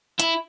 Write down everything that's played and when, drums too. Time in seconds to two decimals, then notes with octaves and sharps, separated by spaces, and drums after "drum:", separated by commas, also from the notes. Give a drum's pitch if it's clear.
0.20 E4, drum: hi-hat